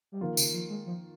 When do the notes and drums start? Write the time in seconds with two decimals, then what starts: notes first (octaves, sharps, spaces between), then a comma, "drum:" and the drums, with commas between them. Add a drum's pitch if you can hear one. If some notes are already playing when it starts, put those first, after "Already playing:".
0.12 G3
0.21 D#3 F3 A#3 F4
0.37 C#3, drum: tambourine
0.53 F3
0.69 G#3
0.86 F3